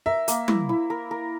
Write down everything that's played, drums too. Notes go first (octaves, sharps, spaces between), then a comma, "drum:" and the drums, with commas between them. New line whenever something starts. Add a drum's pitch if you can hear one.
A#4 E5
A#3, drum: hi-hat
E4, drum: tom
E4
A#4
A#4